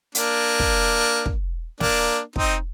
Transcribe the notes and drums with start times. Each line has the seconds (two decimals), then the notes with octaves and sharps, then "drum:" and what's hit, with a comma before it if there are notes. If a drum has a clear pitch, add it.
0.15 A#3 D4, drum: hi-hat
0.59 drum: kick
1.26 drum: kick
1.80 A#3 D4, drum: snare
2.36 C4 D#4, drum: kick